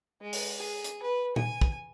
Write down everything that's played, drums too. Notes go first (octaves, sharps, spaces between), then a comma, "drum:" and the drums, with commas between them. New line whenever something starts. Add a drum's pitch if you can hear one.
G#3
drum: open hi-hat
G#4
drum: hi-hat
B4
G#5, drum: tom
drum: kick